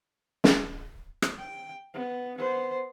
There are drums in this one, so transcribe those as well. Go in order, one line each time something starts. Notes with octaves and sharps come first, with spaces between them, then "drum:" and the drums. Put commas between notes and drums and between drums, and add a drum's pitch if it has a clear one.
drum: snare
drum: rim click
G5
B3
B3 C5